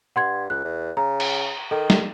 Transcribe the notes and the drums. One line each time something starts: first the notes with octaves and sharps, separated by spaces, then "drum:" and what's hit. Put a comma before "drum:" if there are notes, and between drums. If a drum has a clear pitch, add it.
G2 F#5 C6 G#6
C#2 F#6
E2
C#3 A#5
drum: cymbal
D#3 A4
drum: snare